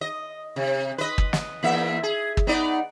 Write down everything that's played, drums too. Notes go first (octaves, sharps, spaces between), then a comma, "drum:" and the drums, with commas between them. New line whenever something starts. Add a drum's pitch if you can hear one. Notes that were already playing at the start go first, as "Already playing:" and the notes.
D#5
C3
B4 D#5
drum: kick
drum: snare
E2 A#3 E5
G#4
drum: kick
B3 D#4 D5